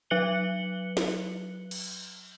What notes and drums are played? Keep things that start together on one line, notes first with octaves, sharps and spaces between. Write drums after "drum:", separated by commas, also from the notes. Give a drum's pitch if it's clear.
F#3 B4 F#6 C#7 F#7 G7
drum: snare
drum: cymbal